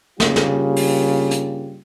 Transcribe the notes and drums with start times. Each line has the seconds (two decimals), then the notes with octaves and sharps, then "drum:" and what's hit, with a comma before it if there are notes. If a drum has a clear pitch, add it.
0.20 G2 C#3 G3 A#3 F4 G4, drum: snare
0.36 drum: snare
0.76 drum: open hi-hat
1.31 drum: hi-hat